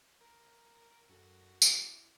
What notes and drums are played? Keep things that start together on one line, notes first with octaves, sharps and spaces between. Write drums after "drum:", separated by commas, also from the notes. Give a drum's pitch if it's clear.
A#4
F#2 F#4 A4 A#4
E4 E5 D6, drum: tambourine